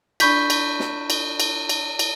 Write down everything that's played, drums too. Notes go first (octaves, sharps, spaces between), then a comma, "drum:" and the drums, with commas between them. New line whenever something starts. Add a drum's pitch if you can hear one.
D4 D5 B5 C#6 G6 B6, drum: cymbal
drum: cymbal
drum: snare
drum: cymbal
drum: cymbal
drum: cymbal
drum: cymbal